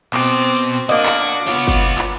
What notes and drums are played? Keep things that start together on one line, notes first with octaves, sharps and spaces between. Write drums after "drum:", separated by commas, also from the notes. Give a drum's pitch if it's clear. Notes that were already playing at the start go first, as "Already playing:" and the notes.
B2 C4 D6, drum: clap
drum: tambourine
drum: tambourine
A#3 D4 F#4 D#5 D6
drum: clap
B3 F4 C#5 D#5
drum: kick G1, tambourine
drum: clap